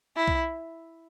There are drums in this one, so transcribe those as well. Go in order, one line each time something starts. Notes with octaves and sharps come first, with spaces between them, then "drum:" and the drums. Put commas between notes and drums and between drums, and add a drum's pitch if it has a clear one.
E4
drum: kick B1